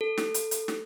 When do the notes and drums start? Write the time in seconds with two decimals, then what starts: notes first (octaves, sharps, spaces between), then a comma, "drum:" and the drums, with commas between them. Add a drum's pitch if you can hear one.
0.01 A4
0.18 drum: snare
0.34 drum: hi-hat
0.51 drum: hi-hat
0.68 drum: snare